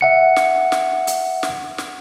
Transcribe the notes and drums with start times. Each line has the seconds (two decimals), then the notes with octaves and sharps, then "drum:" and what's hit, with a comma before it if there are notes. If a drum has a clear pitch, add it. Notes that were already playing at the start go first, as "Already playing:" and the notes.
0.01 E5 F#5 C#7
0.36 drum: snare
0.72 drum: snare
1.07 drum: hi-hat
1.43 drum: snare
1.78 drum: snare